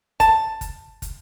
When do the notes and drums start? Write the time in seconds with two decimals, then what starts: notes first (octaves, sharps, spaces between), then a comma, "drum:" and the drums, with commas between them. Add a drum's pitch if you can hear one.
0.20 A5, drum: kick, hi-hat
0.61 drum: kick, hi-hat
1.02 drum: kick, hi-hat